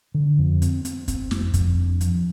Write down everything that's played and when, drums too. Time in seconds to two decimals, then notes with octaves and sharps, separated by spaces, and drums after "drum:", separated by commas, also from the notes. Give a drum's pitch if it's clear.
0.14 D3
0.39 F2
0.62 C4, drum: hi-hat
0.85 C4, drum: hi-hat
1.08 C4, drum: kick, hi-hat
1.31 F2, drum: snare
1.54 F2, drum: kick, hi-hat
1.78 D4
2.01 F3, drum: hi-hat